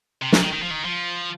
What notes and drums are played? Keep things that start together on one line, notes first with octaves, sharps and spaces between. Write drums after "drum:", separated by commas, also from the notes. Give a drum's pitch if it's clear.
C3
A#2, drum: snare
D#3
D#3
F3
D#3
F3